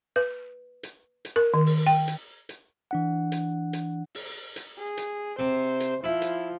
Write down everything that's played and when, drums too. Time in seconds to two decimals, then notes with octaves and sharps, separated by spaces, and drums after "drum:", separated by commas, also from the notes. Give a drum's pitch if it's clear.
0.16 B4
0.83 drum: hi-hat
1.25 drum: hi-hat
1.36 A#4
1.54 D#3
1.66 drum: open hi-hat
1.86 G5
2.08 drum: hi-hat
2.49 drum: hi-hat
2.91 E3 D4 F#5
3.32 drum: hi-hat
3.73 drum: hi-hat
4.15 drum: open hi-hat
4.56 drum: hi-hat
4.78 G#4
4.97 drum: hi-hat
5.39 C3 C5
5.80 drum: hi-hat
6.04 F3 E4
6.22 drum: hi-hat